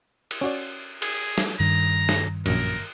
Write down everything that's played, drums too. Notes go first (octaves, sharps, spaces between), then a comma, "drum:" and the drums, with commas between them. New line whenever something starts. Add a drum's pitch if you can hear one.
drum: cymbal
C#4 F#4 D5
G#4, drum: cymbal
drum: snare
G2 D#3 A#5
drum: snare
A#1 F#2 A#4, drum: cymbal